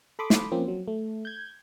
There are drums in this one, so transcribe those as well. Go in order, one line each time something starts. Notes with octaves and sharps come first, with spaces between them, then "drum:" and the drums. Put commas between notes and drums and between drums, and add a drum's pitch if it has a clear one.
A4 B5 C6 D6 D#6
drum: snare
F3 A#3 C4 C#4
F#3
A3
G6 G#6